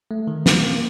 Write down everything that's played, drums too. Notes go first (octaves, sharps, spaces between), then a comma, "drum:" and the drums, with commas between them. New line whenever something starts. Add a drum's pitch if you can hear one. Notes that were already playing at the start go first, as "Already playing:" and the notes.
A3
D#3
A#3, drum: snare
A#3